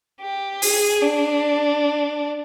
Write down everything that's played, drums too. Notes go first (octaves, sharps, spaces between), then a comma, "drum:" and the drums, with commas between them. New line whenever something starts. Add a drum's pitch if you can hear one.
G4
G#4, drum: open hi-hat
D4